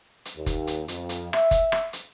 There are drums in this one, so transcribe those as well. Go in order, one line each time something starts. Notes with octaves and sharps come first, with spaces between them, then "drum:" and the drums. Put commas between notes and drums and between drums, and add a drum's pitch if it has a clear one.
drum: hi-hat
D#2
drum: kick F#1, hi-hat
drum: hi-hat
F2, drum: hi-hat
drum: hi-hat
E5, drum: rim click
drum: kick F#1, hi-hat
drum: rim click
drum: hi-hat